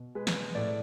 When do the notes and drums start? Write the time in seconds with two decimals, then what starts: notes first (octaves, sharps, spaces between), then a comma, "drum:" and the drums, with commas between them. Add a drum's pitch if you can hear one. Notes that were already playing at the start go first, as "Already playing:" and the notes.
Already playing: B2
0.15 G#3 B4
0.27 drum: snare
0.55 A2 D5